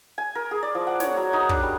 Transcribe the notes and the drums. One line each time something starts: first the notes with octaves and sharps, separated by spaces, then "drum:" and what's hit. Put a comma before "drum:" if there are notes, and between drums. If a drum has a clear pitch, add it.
G#5
A#4
G#4
D5
F3
F#5
C#5, drum: snare
F#3
D#4
D4, drum: kick
G3